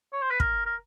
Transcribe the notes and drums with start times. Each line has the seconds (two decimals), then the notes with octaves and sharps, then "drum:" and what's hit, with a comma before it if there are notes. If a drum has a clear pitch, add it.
0.13 C#5
0.22 C5
0.31 B4
0.40 A#4, drum: kick
0.66 A#4